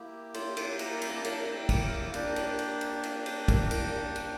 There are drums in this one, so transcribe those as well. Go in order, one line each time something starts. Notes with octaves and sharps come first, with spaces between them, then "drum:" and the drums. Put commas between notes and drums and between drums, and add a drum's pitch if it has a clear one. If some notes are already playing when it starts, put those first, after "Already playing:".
Already playing: A#3 E4 G4
C6, drum: cymbal
drum: cymbal
A#5, drum: cymbal
drum: cymbal
A5
A#5, drum: cymbal
G5
drum: kick, cymbal
A#4
A#3 D4 G4 D5, drum: cymbal
drum: cymbal
drum: cymbal
drum: cymbal
drum: cymbal
drum: cymbal
drum: kick, cymbal
drum: cymbal
drum: cymbal